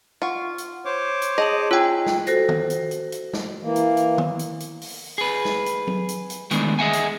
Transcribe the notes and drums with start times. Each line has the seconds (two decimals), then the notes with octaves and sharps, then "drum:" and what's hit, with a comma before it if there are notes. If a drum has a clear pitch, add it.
0.22 F4 F#5 C#6
0.58 drum: hi-hat
0.85 C5 C#5 D6
1.22 drum: hi-hat
1.38 G#4 D#5 A5 F#7
1.71 C#4 F4 G5 G#5 E6
2.06 drum: snare
2.27 F#4 A4 C5 A#6, drum: hi-hat
2.49 drum: tom D#3
2.70 drum: hi-hat
2.91 drum: hi-hat
3.12 drum: hi-hat
3.33 drum: snare
3.62 E3 A#3
3.76 drum: hi-hat
3.97 drum: hi-hat
4.18 drum: tom D#3
4.39 drum: hi-hat
4.60 drum: hi-hat
4.82 drum: open hi-hat
5.18 G#4 B4
5.45 drum: snare
5.66 drum: hi-hat
5.87 drum: tom F#3
6.09 drum: hi-hat
6.30 drum: hi-hat
6.51 D#3 E3 G#3 A3 B3 D4, drum: hi-hat
6.79 G#4 A4 D#5 E5 F#5 G#5
6.93 drum: hi-hat